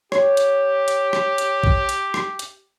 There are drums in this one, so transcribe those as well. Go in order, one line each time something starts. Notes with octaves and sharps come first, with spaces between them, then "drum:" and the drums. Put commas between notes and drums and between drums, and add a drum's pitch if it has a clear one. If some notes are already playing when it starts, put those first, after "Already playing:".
G4 C#5, drum: rim click
drum: hi-hat
drum: hi-hat
drum: rim click
drum: hi-hat
drum: kick
drum: hi-hat
drum: rim click
drum: hi-hat